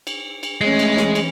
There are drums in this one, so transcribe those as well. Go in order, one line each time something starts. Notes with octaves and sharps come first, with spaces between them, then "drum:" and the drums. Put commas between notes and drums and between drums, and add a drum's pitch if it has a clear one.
drum: cymbal
drum: cymbal
E3 G#3 A3 C#4
drum: cymbal
drum: snare
drum: cymbal